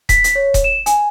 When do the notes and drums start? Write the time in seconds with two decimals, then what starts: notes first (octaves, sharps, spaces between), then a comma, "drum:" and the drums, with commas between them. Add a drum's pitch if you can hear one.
0.09 B6, drum: kick D#1, hi-hat
0.24 drum: hi-hat
0.35 C#5
0.54 drum: kick D#1, hi-hat
0.64 E7
0.86 G#5, drum: hi-hat